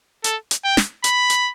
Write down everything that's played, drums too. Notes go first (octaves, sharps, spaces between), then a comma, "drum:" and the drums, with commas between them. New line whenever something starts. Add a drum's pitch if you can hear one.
A4, drum: hi-hat
drum: hi-hat
G5
drum: snare
B5, drum: hi-hat
drum: hi-hat